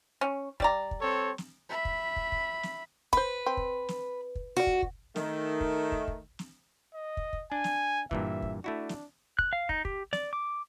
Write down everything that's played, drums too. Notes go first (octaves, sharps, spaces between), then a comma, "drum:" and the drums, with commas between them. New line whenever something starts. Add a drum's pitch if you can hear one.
C#4
G3 D5 A#5, drum: kick
drum: kick
C4 A4 C#5
drum: snare
E5 B5
drum: kick
drum: kick
drum: kick
drum: snare
B4 C5 B5, drum: kick
C4
drum: kick
drum: snare
drum: kick
F4 F#4 D5
drum: kick
drum: kick
D#3 A3, drum: snare
drum: kick
drum: kick
drum: kick
drum: snare
D#5
drum: kick
drum: kick
D4 G#5
drum: snare
G2 A#2 E3 E5, drum: kick
drum: kick
A3 D4 E4 F#4
drum: snare
F#6, drum: kick
F5
D#4, drum: kick
G4, drum: kick
D5, drum: snare
D6